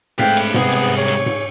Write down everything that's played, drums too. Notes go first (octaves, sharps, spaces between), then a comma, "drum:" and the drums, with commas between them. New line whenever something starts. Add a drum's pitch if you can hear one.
G#3 A3 C4 B4 F5 G5, drum: tom G#2
drum: cymbal
C2 G#2 C3 B3 G#4, drum: tom G#2
drum: cymbal
C#5
drum: cymbal
drum: tom G#2